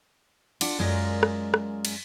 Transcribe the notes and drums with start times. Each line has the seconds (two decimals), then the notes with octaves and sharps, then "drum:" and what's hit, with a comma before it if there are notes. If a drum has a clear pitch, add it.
0.61 D4 F4 F#5, drum: cymbal
0.79 F#2 G#3 F4 A#4 D5
1.23 drum: rim click
1.54 drum: rim click
1.85 drum: cymbal